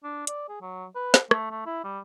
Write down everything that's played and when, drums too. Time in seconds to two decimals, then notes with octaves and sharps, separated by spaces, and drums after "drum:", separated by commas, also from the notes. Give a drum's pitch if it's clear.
0.04 D4
0.27 D5, drum: hi-hat
0.49 G#4
0.61 F#3
0.95 B4
1.14 drum: snare
1.31 A3, drum: rim click
1.51 A3
1.66 E4
1.84 G3